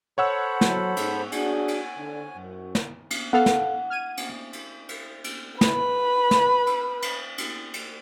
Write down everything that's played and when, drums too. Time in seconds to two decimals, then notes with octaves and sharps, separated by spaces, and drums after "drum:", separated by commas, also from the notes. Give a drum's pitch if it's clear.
0.18 A4 C5 C#5 F#5 B5 E6
0.61 F#3, drum: snare
0.97 G#2, drum: cymbal
1.32 D4 F#4 G#4 G#5, drum: cymbal
1.68 drum: cymbal
1.97 D3
2.35 F#2
2.75 drum: snare
3.10 drum: cymbal
3.33 B3 A4 F5 F#5
3.46 drum: snare
3.90 F6 G#6 D#7
4.17 drum: cymbal
4.53 drum: cymbal
4.89 drum: cymbal
5.24 drum: cymbal
5.61 B4 B5, drum: snare
6.31 drum: snare
6.67 drum: cymbal
7.02 drum: cymbal
7.38 drum: cymbal
7.73 drum: cymbal